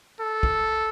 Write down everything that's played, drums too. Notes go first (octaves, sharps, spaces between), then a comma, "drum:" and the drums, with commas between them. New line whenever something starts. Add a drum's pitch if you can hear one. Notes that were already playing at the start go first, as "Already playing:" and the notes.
A4
drum: kick